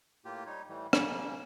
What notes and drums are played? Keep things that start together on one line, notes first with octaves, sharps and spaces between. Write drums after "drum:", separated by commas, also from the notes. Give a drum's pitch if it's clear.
A2 A#3 F4 G4
G3 D#4 C#5
A2 E3 G3
C#3 G3 A#3 C#4, drum: rim click